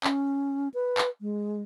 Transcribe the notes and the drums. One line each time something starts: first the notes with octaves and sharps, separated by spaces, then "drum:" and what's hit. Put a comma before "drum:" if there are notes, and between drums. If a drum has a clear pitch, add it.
C#4, drum: clap
B4
drum: clap
G#3